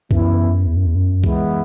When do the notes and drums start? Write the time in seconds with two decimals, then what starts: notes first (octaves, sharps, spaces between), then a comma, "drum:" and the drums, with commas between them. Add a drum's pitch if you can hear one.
0.11 F#2 E3 B3 E4, drum: kick C#2
0.66 E2
0.77 F#2
0.86 E2
0.95 F#2
1.24 E3 G#3 B3 E4, drum: kick C#2